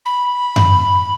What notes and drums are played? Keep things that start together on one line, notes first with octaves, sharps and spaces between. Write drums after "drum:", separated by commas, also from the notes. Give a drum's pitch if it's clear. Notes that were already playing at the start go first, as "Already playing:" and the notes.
B5
drum: tom F#2